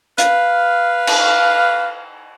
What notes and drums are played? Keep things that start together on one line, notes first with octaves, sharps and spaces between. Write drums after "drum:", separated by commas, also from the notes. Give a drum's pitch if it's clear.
B4 F5, drum: hi-hat
drum: cymbal